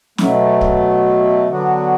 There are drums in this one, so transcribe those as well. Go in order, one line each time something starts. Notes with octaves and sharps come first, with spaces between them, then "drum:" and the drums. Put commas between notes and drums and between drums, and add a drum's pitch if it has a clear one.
B2 F#3 A3, drum: snare
drum: kick
D3 F#3 B3 D4 F#4